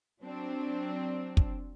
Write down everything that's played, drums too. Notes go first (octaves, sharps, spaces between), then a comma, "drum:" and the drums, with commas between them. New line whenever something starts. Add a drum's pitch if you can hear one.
F#3 C4 D4
drum: kick